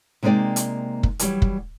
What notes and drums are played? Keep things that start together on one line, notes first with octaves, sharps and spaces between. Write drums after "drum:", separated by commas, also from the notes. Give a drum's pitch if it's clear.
C3 G#3 A#3 D#4 D5 G5
drum: hi-hat
drum: kick
E3 F#3 G3, drum: hi-hat
drum: kick